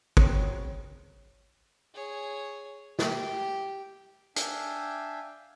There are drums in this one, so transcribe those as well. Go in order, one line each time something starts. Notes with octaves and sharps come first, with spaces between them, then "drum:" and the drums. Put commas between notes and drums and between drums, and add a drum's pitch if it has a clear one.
C#3 F#3 C4, drum: kick
G#4 C#5
G4, drum: snare
D4 E5 F5 G5 G#5, drum: hi-hat